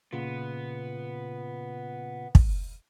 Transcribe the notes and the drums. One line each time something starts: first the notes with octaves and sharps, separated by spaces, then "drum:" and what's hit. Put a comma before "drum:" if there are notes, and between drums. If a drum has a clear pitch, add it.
A#2 C#3 B3 F4
drum: kick